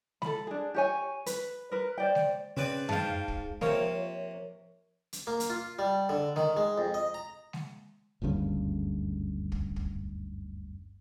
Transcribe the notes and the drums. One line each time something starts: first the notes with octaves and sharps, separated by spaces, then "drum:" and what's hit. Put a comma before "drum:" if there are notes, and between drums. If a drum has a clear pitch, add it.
A4 B5, drum: snare G#3
D4 G#4
G4 C#5 G#5
B4, drum: hi-hat
A#4 B4
C5 D5 G5
drum: snare G#3
C#3 C4 B4 D5
G#2 F5 G5 A5, drum: tom F#2
drum: kick
C3 F3 A#3 A#4 C#5, drum: snare G#3
drum: hi-hat
A#3
drum: hi-hat
F4
G3
D3
D#3, drum: snare G#3
G#3
F2
D#5
A#5
drum: snare G#3
F#1 D2 G2 C#3
drum: kick
drum: kick